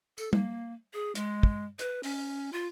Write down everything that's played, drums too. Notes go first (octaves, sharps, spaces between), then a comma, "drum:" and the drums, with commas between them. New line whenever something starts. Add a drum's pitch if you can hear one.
A4, drum: tambourine
A#3, drum: tom G3
G#4
G#3, drum: hi-hat
drum: kick
B4, drum: hi-hat
C#4, drum: open hi-hat
F4